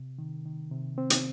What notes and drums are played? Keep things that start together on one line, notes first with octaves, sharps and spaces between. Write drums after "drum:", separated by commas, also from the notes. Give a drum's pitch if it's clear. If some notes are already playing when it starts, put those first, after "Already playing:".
Already playing: C3
D#3
D#3
C3
C4
drum: hi-hat